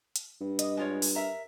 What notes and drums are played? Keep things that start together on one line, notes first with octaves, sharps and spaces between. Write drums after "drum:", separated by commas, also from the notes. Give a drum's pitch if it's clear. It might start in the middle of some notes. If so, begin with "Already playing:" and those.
drum: hi-hat
G2
D#5, drum: hi-hat
G#3 F4 C#5
drum: open hi-hat
A#4 E5 A#5